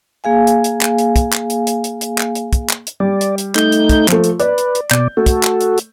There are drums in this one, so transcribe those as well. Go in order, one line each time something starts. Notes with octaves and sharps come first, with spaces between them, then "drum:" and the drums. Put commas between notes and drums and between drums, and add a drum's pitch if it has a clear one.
A#3 G#4 F5 G#5
drum: hi-hat
drum: hi-hat
drum: clap
drum: hi-hat
drum: kick, hi-hat
drum: clap
drum: hi-hat
drum: hi-hat
drum: hi-hat
drum: hi-hat
drum: clap
drum: hi-hat
drum: kick, hi-hat
drum: clap
drum: hi-hat
G3 D5
drum: hi-hat
drum: hi-hat
A3 D#4 G6, drum: clap
drum: hi-hat
drum: kick, hi-hat
F3 A3, drum: clap
drum: hi-hat
B4 D5, drum: hi-hat
drum: hi-hat
drum: hi-hat
B2 D5 G6, drum: clap
A3 F#4 A4
drum: kick, hi-hat
drum: clap
drum: hi-hat
drum: hi-hat